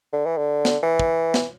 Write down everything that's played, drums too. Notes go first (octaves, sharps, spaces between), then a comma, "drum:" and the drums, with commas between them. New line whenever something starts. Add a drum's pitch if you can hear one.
D3
E3
D3
drum: snare
E3
drum: kick
drum: snare